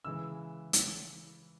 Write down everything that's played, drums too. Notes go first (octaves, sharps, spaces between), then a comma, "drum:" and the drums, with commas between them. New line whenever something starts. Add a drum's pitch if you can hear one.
C#3 E3 G#3 E6
drum: hi-hat